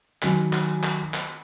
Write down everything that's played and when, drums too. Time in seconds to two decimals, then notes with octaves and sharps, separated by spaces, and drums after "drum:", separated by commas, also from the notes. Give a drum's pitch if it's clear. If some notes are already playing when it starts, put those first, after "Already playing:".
0.23 D#3 F#3 G#5 B6, drum: clap
0.38 drum: hi-hat
0.53 drum: clap
0.68 drum: hi-hat
0.84 drum: clap
0.99 drum: hi-hat
1.14 drum: clap